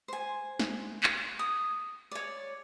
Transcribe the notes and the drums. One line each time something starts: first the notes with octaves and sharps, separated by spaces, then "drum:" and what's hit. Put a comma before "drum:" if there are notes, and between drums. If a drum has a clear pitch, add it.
C5 G#5
drum: snare
drum: clap
D#6
C#5 D5